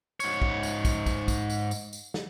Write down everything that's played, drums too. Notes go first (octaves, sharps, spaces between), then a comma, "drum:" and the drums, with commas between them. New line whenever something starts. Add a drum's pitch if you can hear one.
G#2 C#5, drum: tambourine
drum: kick
drum: tambourine
drum: kick, tambourine
drum: kick, tambourine
drum: kick, tambourine
drum: tambourine
drum: tambourine
drum: tambourine
drum: snare